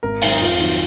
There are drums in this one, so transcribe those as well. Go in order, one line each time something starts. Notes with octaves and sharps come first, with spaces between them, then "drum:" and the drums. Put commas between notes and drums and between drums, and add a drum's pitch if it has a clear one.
G#1 A#4
G#2 D#3 F#3, drum: open hi-hat
D#4
F2 F4
D#3 F#3